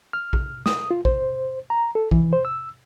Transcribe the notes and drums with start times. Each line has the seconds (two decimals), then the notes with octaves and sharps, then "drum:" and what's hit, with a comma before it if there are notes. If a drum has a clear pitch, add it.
0.13 F6
0.33 drum: kick A#1
0.66 D#6, drum: snare
0.91 F4
1.05 C5, drum: kick A#1
1.70 A#5
1.95 A4
2.11 E3, drum: kick A#1
2.33 C5
2.45 E6